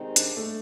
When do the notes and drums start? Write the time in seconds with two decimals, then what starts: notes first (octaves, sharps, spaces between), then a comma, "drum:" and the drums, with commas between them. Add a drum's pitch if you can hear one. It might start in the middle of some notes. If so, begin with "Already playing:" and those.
Already playing: C3 D#3 G#3 C4 D#4
0.16 D4, drum: hi-hat
0.37 A3